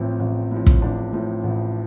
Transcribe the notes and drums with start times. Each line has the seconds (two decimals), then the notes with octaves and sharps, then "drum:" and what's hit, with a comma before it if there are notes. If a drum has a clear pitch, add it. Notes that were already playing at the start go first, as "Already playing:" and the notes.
Already playing: A1 A2 F3 C4
0.20 A1
0.51 A2 F3
0.66 drum: kick
0.82 A1 D4
1.13 A2 F3
1.44 A1